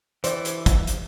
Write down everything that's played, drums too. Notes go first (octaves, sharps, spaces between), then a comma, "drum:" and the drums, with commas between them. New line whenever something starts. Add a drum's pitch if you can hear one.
E3 C5 D5, drum: hi-hat
drum: hi-hat
drum: kick, hi-hat
drum: hi-hat